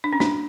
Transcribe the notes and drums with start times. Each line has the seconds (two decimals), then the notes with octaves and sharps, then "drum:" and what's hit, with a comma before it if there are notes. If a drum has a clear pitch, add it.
0.04 D4
0.13 C#4
0.20 D4, drum: snare